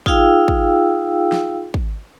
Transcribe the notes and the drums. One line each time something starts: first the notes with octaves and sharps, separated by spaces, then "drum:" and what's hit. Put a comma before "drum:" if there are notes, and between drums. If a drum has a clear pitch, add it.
D#4 F4 G#4 F5 G5 E6, drum: kick
drum: kick
drum: snare
drum: kick